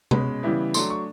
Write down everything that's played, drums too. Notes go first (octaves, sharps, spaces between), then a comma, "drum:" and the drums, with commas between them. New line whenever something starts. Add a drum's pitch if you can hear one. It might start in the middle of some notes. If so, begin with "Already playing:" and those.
B2 G#3 C#4 B5, drum: tom C3
C#3 E3 G3 B3 E4
F#3 A3 D4 C6, drum: tambourine
C#6